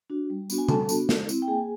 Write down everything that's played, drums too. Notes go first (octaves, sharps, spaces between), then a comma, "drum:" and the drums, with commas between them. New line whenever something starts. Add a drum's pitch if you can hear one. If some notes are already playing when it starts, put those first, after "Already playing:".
D4 F#4
G3
B3 D4 F#4, drum: tambourine
G#5
G3 A4 A5, drum: tom C#3
B3 D4 F#4, drum: tambourine
G#3, drum: snare
C4 E4, drum: tambourine
G5
A#3 G#4 G#5